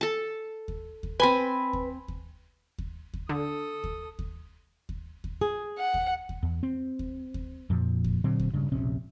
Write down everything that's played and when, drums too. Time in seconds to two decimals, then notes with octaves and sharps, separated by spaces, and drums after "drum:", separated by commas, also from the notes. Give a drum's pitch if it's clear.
0.01 A4 A5
0.68 drum: kick D#2
1.03 drum: kick D#2
1.20 C4 B4 G#5 B5
1.73 drum: kick D#2
2.08 drum: kick D#2
2.78 drum: kick D#2
3.14 drum: kick D#2
3.29 D3 A4 D#6
3.84 drum: kick D#2
4.19 drum: kick D#2
4.89 drum: kick D#2
5.24 drum: kick D#2
5.41 G#4
5.78 F#5
5.94 drum: kick D#2
6.29 drum: kick D#2
6.43 E2
6.63 C4
6.99 drum: kick D#2
7.34 drum: kick D#2
7.70 F2 A#2 F3
8.04 drum: kick D#2
8.24 A#2 D3 F#3 C4
8.39 drum: kick D#2
8.53 D#1 G2 C#3
8.72 E1 A#1 C3 C#4